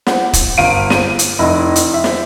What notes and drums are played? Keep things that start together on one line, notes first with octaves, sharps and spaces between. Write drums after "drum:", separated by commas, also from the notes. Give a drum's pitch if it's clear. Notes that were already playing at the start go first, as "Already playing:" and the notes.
F#5, drum: snare
drum: kick, hi-hat
G1 F5 D7 D#7
D#7, drum: snare
drum: hi-hat
F1 E4 D#5
drum: hi-hat
E5
drum: snare